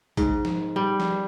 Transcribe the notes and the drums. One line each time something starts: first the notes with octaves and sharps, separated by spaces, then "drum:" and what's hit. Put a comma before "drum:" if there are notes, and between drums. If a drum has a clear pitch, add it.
G#2, drum: kick, hi-hat
drum: snare
G3
drum: snare